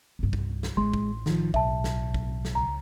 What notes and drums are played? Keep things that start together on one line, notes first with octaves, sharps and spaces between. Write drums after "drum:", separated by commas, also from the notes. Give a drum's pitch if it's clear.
C2 G2
drum: kick
drum: snare
A1 G#3 C6
drum: kick
D#3 F3, drum: snare
B1 E5 A5, drum: kick
drum: snare
drum: kick
drum: snare
C#2 A#5